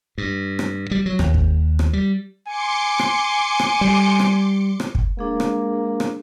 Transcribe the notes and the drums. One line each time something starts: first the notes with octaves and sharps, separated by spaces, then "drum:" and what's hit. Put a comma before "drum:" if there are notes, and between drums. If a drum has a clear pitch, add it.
G2
drum: rim click
G3
F#3
D#2, drum: rim click
drum: kick
drum: rim click
G3
G#5 C6 D6 C#7
drum: rim click
drum: rim click
G3
drum: rim click
drum: rim click
drum: kick
G#3 A#3 D4 G#4
drum: rim click
drum: rim click